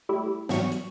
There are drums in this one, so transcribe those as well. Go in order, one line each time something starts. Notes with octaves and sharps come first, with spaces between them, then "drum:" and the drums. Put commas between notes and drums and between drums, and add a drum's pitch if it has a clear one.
G3 A3 E4 G4
G#2 E3 F#3 G3 C#6, drum: snare
drum: hi-hat